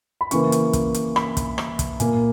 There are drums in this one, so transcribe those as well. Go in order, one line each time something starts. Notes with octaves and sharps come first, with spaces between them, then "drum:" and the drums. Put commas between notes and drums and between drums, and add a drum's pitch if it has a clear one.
B5
C#3 E3 A#3 C#6, drum: hi-hat
drum: hi-hat
drum: kick, hi-hat
drum: hi-hat
B5, drum: rim click
drum: kick, hi-hat
drum: rim click
drum: kick, hi-hat
A#2 A#3 G#5, drum: hi-hat